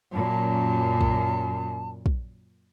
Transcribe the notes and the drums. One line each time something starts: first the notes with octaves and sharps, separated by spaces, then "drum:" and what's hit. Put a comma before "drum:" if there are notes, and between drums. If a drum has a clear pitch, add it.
F#2 A#2 A5
drum: kick
drum: kick